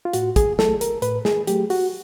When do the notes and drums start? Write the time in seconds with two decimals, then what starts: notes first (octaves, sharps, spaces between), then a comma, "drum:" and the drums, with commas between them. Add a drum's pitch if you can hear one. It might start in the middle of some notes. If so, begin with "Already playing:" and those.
0.05 F4
0.13 A2 F#4, drum: hi-hat
0.36 G#4, drum: kick, hi-hat
0.59 F#3 A3 A4, drum: snare
0.81 A#4, drum: hi-hat
1.02 A2 B4, drum: hi-hat
1.25 G#4, drum: snare
1.47 F#3 A3 G4, drum: hi-hat
1.70 F#4, drum: open hi-hat